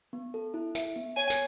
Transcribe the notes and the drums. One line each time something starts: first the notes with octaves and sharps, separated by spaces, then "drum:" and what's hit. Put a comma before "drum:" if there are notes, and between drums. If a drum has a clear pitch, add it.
B3
A4
E4
E5, drum: tambourine
B3
C#5 G#5
drum: tambourine